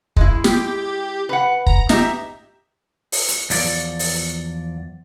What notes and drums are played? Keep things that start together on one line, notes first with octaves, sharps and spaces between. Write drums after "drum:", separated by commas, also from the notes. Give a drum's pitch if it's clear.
G#3 E4, drum: kick
G4, drum: snare
B4 F#5
A#5, drum: kick
D#4 G4 E5, drum: snare
drum: open hi-hat
drum: hi-hat
E2 F3 D5, drum: open hi-hat
drum: open hi-hat